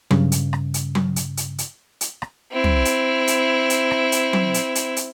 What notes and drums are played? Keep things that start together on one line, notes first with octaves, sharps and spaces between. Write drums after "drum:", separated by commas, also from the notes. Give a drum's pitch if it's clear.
G2 C#3, drum: tom F#3
drum: hi-hat
drum: rim click
drum: hi-hat
drum: tom F#3
drum: hi-hat
drum: hi-hat
drum: hi-hat
drum: hi-hat
drum: rim click
C4 E4
drum: tom
drum: hi-hat
drum: hi-hat
drum: hi-hat
drum: rim click
drum: hi-hat
drum: tom F#3
drum: hi-hat
drum: hi-hat
drum: hi-hat